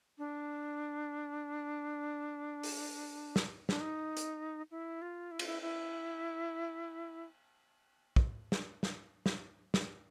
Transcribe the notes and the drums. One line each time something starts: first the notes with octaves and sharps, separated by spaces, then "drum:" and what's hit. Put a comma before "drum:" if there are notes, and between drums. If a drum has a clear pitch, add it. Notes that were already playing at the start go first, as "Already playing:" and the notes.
D4
drum: open hi-hat
drum: snare
D4, drum: snare
D#4
drum: hi-hat
E4
F4
E4
F4, drum: cymbal
E4
E4
drum: kick
drum: snare
drum: snare
drum: snare
drum: snare